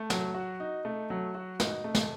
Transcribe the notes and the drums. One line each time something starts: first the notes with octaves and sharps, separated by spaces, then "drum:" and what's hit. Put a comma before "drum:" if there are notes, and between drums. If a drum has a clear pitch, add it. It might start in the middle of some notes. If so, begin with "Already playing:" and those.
Already playing: A3
F#3, drum: snare
F#4
D#4
A3
F#3
F#4
D#4, drum: snare
A3
drum: snare